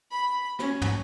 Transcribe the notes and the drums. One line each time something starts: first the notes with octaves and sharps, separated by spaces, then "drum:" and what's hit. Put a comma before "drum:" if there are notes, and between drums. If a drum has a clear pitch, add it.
B5
C#4, drum: rim click
drum: tom